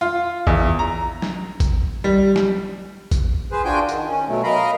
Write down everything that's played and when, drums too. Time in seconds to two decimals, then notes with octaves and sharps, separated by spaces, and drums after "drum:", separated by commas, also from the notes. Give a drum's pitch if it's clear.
0.01 F4
0.47 E2, drum: kick A1
0.79 A#5
1.22 drum: snare
1.60 drum: kick A1, tambourine
2.04 G3
2.36 drum: snare
3.11 drum: kick A1, tambourine
3.52 G#4 B4 C5
3.65 D4 F4 F#4 G5 G#5 G6
3.89 D#3, drum: tambourine
4.08 C#4
4.28 B2 F#3 A3
4.44 A#4 D#5 F5 A#5 B5